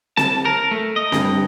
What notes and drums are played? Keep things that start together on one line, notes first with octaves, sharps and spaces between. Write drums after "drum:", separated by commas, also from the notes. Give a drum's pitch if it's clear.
A5, drum: snare C4
A#4
A3
D#5
G2, drum: snare C4